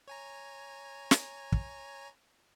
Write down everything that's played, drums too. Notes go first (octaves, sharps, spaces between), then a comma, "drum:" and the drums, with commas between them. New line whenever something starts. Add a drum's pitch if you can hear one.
C#5 G#5 A#5
drum: snare
drum: kick